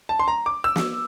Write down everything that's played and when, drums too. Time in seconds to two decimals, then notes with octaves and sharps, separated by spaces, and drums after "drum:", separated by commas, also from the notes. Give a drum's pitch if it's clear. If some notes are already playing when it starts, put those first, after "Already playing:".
0.09 A5
0.19 C6
0.28 A#5
0.46 D6
0.64 E6
0.76 drum: snare